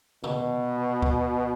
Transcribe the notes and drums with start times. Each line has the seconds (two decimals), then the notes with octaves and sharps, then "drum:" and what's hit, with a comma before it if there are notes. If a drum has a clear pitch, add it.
0.24 B2, drum: tom
1.02 drum: kick C#2